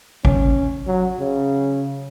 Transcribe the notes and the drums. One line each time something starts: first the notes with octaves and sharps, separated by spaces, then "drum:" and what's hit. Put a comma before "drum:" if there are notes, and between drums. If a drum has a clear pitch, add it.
C#4, drum: kick G#1
F#3
C#3